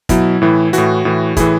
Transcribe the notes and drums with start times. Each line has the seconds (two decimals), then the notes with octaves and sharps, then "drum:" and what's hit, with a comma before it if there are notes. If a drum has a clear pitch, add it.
0.09 B2 F#3 E4, drum: kick, hi-hat
0.42 A2 E3
0.73 A2 E3 F#4, drum: hi-hat
1.05 A2 E3
1.37 A2 E3 E4 G#4, drum: kick, hi-hat